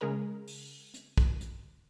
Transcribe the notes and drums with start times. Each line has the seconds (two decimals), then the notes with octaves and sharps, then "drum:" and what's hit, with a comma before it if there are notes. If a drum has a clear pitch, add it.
0.01 C#3 G#3 G#4 A#4 A#5
0.47 drum: open hi-hat
0.94 drum: hi-hat
1.18 drum: kick
1.41 drum: hi-hat